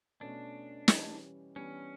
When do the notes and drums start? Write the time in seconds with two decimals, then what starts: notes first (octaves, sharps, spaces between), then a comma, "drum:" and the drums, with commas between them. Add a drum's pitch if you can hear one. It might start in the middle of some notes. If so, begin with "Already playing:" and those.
0.20 B2 A3 C#4 D4
0.88 E3 G3 C#4 G4, drum: snare
1.56 E3 G3 B3 C#4 D4 G4